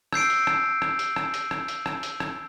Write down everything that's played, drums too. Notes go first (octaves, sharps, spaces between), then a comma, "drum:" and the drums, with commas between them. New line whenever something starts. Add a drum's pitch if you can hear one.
E6 G6 C7 D7, drum: rim click
drum: hi-hat
drum: rim click
drum: rim click
drum: hi-hat
drum: rim click
drum: hi-hat
drum: rim click
drum: hi-hat
drum: rim click
drum: hi-hat
drum: rim click